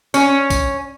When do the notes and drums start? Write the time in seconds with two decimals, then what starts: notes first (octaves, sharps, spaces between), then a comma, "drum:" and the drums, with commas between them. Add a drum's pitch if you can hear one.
0.14 C#4, drum: tambourine
0.50 drum: kick, tambourine